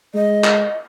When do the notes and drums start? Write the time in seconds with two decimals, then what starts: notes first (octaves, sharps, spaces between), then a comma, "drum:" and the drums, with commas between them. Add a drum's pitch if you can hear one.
0.15 G#3 D#5
0.44 drum: clap